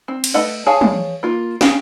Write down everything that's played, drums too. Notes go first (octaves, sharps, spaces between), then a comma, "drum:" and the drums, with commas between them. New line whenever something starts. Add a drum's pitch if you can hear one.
C4
drum: cymbal
A3 A4 B4 D#5 F#5
G#4 C#5 F5 G#5 A5
drum: tom
A#3 F4
C#4 G#4 F5 G5, drum: snare